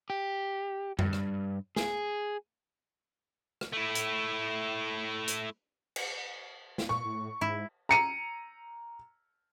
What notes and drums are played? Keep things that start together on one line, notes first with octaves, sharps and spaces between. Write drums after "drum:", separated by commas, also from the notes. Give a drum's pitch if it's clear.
G4
G2, drum: tom F#2
drum: rim click
G#4, drum: snare
drum: rim click
A3 E4
drum: hi-hat
drum: hi-hat
drum: cymbal
drum: snare
A#2 C#6
A2
G#2 E4
A#5 C#7 D#7